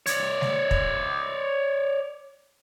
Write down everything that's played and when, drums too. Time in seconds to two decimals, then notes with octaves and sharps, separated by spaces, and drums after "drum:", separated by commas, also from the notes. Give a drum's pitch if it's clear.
0.06 C#5 D5, drum: hi-hat
0.41 drum: snare
0.71 drum: kick